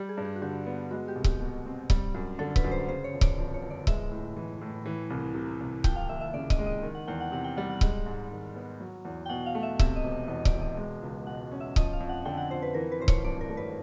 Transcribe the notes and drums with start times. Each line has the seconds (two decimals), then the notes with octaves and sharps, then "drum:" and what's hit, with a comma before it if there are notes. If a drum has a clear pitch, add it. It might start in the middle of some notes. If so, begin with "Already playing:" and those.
Already playing: G3 G4
0.09 G#4
0.17 G2
0.25 G4
0.36 F#4
0.42 D3 G4
0.66 B3
0.91 G#3 F#4
1.08 G4
1.15 C2
1.24 G4, drum: kick C#1
1.41 B2
1.66 C4
1.90 G3, drum: kick C#1
2.14 F#2
2.39 D3 A4
2.56 B4, drum: kick C#1
2.64 F#2
2.71 C5
2.88 C#3 C5
3.04 C#5
3.14 G1
3.21 D5, drum: kick C#1
3.38 F2
3.54 C#5
3.63 G1
3.70 D5
3.87 G#3 E5, drum: kick C#1
4.11 A2
4.36 E3
4.61 A2
4.86 E3
5.10 C2
5.35 C3
5.60 C2
5.84 F3 G5, drum: kick C#1
5.96 F5
6.09 D#2 E5
6.21 E5
6.34 C#3 D5
6.50 D#5, drum: kick C#1
6.58 G#3 D5
6.66 D#5
6.83 D#3
6.95 F#5
7.07 E2 G5
7.20 F#5
7.32 C3 F#5
7.44 G5
7.57 G3 F#5
7.70 F#5
7.81 G#3, drum: kick C#1
8.06 G#2
8.31 D#3
8.56 B3
8.80 F#3
9.05 E2
9.26 G5
9.29 B2 F#5
9.46 F5
9.55 A3
9.63 E5
9.79 C3 E5, drum: kick C#1
9.96 D#5
10.04 E1
10.12 D#5
10.28 E2 D#5
10.45 D5, drum: kick C#1
10.53 E1
10.61 D#5
10.77 G#3
11.02 C#2
11.27 B2 F#5
11.52 C#4
11.60 E5
11.76 F3 D#5, drum: kick C#1
11.93 F5
12.00 F2
12.09 F#5
12.25 D3 G5
12.37 F#5
12.50 F2 C5
12.62 B4
12.74 E3 A#4
12.92 B4
13.00 G#1 C5
13.08 C#5, drum: kick C#1
13.24 G2 D5
13.41 A#4
13.49 A3
13.57 B4